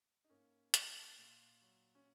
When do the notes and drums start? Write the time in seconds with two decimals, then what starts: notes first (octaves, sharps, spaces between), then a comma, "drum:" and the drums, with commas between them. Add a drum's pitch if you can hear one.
0.24 D#4
0.30 G#2 A#3 C#4
0.74 F#3, drum: hi-hat
1.18 A#2
1.62 F#3
1.95 C#4